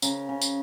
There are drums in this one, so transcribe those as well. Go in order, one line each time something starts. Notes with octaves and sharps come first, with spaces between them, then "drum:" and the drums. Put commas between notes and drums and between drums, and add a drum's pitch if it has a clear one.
C#3 A#4, drum: tambourine
C#3
drum: tambourine